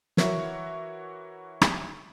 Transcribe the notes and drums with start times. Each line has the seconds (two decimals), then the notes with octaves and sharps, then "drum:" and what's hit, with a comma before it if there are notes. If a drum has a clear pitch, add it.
0.17 E3 E4 F#4 A#4 C#5, drum: snare
1.61 drum: rim click